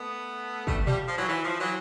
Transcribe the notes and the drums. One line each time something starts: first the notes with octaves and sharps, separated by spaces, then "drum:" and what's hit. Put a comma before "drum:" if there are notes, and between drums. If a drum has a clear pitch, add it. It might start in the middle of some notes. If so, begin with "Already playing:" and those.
Already playing: A3 B3
G3 A3, drum: kick
F3 G3, drum: tom A#2
F3
E3 F#3
E3
F3
E3 F#3